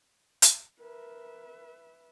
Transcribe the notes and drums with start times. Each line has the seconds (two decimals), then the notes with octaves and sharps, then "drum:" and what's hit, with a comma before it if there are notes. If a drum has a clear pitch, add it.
0.42 drum: hi-hat
0.80 A#4 B4 E5